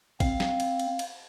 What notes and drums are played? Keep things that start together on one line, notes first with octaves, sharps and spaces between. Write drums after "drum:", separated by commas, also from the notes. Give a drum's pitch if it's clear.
C4 F5, drum: kick, cymbal
drum: snare
drum: cymbal
drum: cymbal
drum: cymbal